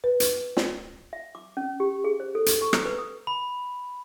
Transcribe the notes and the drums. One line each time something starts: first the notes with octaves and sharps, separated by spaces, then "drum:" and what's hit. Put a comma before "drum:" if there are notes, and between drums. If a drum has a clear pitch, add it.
B4
drum: hi-hat
drum: snare
E5
D6
C#4
G4
G#4
C5
A4
drum: hi-hat
C#6
A#5, drum: rim click
B4
D#6
B5